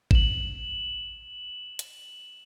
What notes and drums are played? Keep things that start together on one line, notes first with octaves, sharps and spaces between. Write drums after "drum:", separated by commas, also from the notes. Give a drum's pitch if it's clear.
E7 F#7, drum: kick G#1
drum: hi-hat